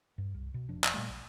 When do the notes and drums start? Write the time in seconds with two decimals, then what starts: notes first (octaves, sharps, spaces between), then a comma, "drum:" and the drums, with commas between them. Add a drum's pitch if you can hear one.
0.18 G2
0.34 C2
0.54 B2
0.69 F1 F3 D4
0.84 drum: clap
0.94 A#2 G3 A3
1.09 A#1